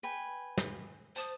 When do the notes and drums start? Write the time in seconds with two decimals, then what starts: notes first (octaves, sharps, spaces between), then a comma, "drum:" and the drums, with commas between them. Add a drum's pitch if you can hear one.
0.03 B4 G5 G#5
0.58 drum: snare
1.16 C5 A5 D#6